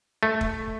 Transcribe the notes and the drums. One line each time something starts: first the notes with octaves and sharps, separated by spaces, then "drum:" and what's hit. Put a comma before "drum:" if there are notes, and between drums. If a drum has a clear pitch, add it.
A3
drum: kick